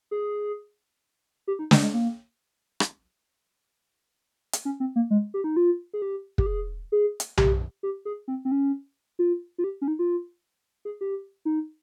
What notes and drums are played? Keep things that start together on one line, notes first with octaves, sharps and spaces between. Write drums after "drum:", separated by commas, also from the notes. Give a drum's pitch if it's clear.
G#4
G4
D#4
G#3, drum: snare
G#3
A#3
drum: rim click
drum: hi-hat
C#4
C4
A#3
G#3
G4
D#4
F4
G#4
G4
G4, drum: kick
G#4
G#4
drum: hi-hat
G4, drum: tom B1
G4
G#4
C4
C4
C#4
F4
F4
G4
C#4
D#4
F4
G#4
G4
D#4